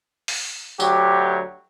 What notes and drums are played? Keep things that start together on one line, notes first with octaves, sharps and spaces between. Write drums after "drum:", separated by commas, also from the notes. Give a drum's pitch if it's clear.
drum: open hi-hat
D2 F#3 G4, drum: tambourine